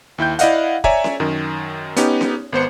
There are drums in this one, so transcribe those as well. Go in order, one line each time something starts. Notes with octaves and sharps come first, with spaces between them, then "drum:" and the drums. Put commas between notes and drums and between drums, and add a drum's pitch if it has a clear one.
D#2 E4 G5 G6
E4 D5 D#5 F5 F#5, drum: hi-hat
C#5 D5 E5 G#5 A#5, drum: kick
drum: snare C#4
F#2 D#3
B3 C#4 D#4 G4, drum: hi-hat
drum: snare C#4
G#1 B3 C5 C#7